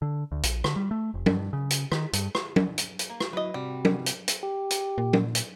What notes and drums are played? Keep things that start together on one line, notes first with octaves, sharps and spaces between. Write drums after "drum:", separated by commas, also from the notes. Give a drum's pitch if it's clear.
D3
D2
A#1, drum: hi-hat
D3, drum: rim click
G3
A3
F1
G2, drum: tom
C#3
drum: hi-hat
D#3, drum: rim click
G2, drum: hi-hat
drum: rim click
drum: tom
drum: hi-hat
drum: hi-hat
A#3
drum: rim click
F#3 E4 B4 D#5
C3 G3 F#4
drum: tom
drum: hi-hat
drum: hi-hat
G4
drum: hi-hat
A#2
drum: tom
drum: hi-hat